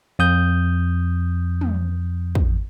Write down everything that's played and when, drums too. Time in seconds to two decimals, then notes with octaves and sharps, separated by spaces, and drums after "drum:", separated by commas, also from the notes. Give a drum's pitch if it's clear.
0.19 F2 D#6 G6
1.61 drum: tom
2.35 drum: kick